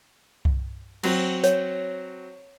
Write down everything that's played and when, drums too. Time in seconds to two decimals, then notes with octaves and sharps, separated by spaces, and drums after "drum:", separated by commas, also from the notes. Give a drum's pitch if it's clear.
0.45 drum: kick C2
1.03 F#3 C4, drum: cymbal
1.44 C#5, drum: hi-hat